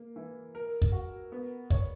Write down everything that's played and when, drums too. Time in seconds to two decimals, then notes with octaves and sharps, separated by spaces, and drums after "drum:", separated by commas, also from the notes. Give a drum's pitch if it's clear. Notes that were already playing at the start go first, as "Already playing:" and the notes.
Already playing: A#3
0.16 E3
0.55 A#4
0.82 drum: kick
0.92 F#4
1.32 B3
1.70 C#5, drum: kick